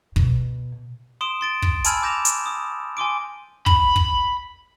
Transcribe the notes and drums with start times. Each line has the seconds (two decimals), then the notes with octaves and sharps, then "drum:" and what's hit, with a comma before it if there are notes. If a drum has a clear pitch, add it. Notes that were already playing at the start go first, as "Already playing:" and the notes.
0.16 B2, drum: kick
1.21 C6 D#6 D7 E7
1.41 C6 A6 D7
1.62 drum: kick
1.85 G#5 A5 B5 E6 F6 G#6, drum: hi-hat
2.03 D6 G6 A#6 E7 F7
2.25 drum: hi-hat
2.46 D#6
2.97 G#5 C6 D6 D7
3.66 B5, drum: kick
3.96 drum: kick